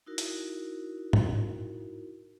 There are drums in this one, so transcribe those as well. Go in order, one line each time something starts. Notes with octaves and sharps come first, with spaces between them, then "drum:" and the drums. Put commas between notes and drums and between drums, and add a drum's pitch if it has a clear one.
D#4 E4 F#4 A#4
drum: hi-hat
drum: tom